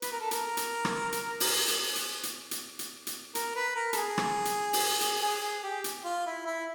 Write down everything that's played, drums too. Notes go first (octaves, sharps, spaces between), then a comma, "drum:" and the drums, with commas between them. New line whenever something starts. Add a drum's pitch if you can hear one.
B4, drum: hi-hat
A#4
A4
A#4, drum: hi-hat
drum: hi-hat
drum: rim click
drum: hi-hat
drum: open hi-hat
drum: hi-hat
drum: hi-hat
drum: hi-hat
drum: hi-hat
drum: hi-hat
drum: hi-hat
A#4, drum: hi-hat
B4
A#4
A4, drum: hi-hat
G#4
drum: rim click
drum: hi-hat
drum: open hi-hat
G#4, drum: hi-hat
G#4
G#4
G4
drum: hi-hat
F4
E4
E4